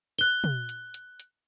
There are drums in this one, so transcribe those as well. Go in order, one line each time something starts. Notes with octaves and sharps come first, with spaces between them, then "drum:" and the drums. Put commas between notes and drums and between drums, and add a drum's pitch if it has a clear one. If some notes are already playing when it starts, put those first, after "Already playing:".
F#6 G7, drum: hi-hat
drum: tom
drum: hi-hat
drum: hi-hat
drum: hi-hat